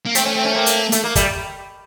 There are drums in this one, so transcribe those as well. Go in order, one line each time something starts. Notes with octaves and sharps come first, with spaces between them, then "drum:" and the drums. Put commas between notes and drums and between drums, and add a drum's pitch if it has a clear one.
A#3
A3 C4, drum: hi-hat
C#4
C4
C#4
A#3 C4
drum: hi-hat
A3, drum: hi-hat
A#3
G3 A3, drum: kick, hi-hat